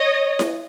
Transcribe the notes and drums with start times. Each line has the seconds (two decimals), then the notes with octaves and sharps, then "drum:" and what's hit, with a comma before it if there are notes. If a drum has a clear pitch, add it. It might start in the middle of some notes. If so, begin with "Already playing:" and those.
Already playing: C#5 D#5
0.39 drum: snare E4